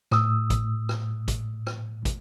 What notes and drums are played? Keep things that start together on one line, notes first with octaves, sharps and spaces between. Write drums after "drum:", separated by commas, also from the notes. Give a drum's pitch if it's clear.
A2 D#6 E6, drum: rim click
drum: kick, hi-hat
drum: rim click
drum: kick, hi-hat
drum: rim click
drum: kick, hi-hat